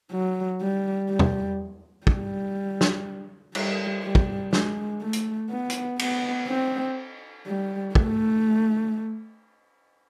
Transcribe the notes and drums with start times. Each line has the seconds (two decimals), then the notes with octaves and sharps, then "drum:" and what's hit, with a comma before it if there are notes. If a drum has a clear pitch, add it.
0.12 F#3
0.61 G3
1.09 G3
1.19 drum: tom
2.07 G3, drum: kick
2.81 drum: snare
3.55 G3, drum: cymbal
4.04 G3
4.15 drum: kick
4.53 G#3, drum: snare
5.01 A3
5.13 drum: hi-hat
5.50 B3
5.70 drum: hi-hat
5.99 B3, drum: cymbal
6.48 C4
7.46 G3
7.95 A3, drum: kick